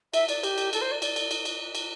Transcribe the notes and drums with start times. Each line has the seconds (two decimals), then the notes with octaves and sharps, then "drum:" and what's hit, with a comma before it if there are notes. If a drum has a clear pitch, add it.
0.14 E5, drum: cymbal
0.28 D5, drum: cymbal
0.43 G4, drum: cymbal
0.58 drum: cymbal
0.73 A4, drum: cymbal
0.81 C5
0.92 D5
1.02 D5, drum: cymbal
1.16 drum: cymbal
1.31 drum: cymbal
1.45 drum: cymbal
1.75 drum: cymbal